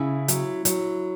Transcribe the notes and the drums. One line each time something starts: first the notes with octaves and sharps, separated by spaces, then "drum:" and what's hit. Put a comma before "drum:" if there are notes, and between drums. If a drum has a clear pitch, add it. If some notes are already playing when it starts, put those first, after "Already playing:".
Already playing: C#3 E4
F#3, drum: hi-hat
F#3, drum: hi-hat